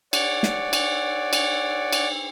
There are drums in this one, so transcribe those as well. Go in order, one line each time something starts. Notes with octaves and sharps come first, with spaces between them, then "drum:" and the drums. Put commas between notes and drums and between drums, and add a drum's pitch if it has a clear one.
C#5 D5 F#5, drum: cymbal
drum: snare
drum: cymbal
drum: cymbal
drum: cymbal